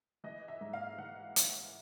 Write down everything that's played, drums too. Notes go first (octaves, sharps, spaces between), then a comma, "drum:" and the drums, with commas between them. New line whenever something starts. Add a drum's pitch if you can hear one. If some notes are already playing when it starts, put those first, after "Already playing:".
E3 D#5
E5
G#2
F5
E3 F#5
E3, drum: hi-hat